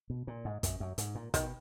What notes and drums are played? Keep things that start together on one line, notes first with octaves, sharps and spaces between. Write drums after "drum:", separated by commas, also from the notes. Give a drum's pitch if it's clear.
B2
A#2
G#2
F#2, drum: kick, hi-hat
F#2
G#2, drum: hi-hat
A#2
B2 D#3, drum: kick, hi-hat